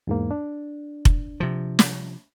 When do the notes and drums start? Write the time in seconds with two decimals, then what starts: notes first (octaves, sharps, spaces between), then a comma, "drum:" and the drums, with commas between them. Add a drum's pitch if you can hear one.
0.07 E2 G#2 A#3
0.31 D4
1.05 drum: kick F1
1.40 C3 F3
1.79 drum: snare